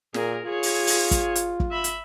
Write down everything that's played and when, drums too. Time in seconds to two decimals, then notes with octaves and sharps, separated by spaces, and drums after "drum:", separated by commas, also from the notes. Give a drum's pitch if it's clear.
0.14 A#2 G#4 A#4, drum: snare
0.46 F4 G#4 C#5
0.63 drum: open hi-hat
0.87 drum: open hi-hat
1.11 drum: kick, hi-hat
1.35 drum: hi-hat
1.60 drum: kick
1.71 E5 B5
1.84 drum: hi-hat